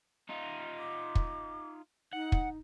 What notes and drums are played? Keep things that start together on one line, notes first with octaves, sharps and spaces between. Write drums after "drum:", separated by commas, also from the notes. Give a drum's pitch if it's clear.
D#4 F4
D6
drum: kick
D#4 F#5
drum: kick